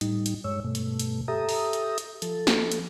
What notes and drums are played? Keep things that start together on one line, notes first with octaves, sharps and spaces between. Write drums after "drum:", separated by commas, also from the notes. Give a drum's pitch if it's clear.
A2 G3 D#4, drum: hi-hat
drum: hi-hat
G2 G#3 C#5 E6
G2 B2 A3
drum: hi-hat
drum: hi-hat
G4 A4 E5 A#5 D#6
drum: open hi-hat
drum: hi-hat
drum: hi-hat
F3 A4, drum: hi-hat
drum: snare
drum: hi-hat